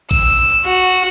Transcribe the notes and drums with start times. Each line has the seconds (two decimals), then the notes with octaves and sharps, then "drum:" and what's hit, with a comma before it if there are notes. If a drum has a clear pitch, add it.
0.11 E6, drum: kick
0.31 drum: open hi-hat
0.65 F#4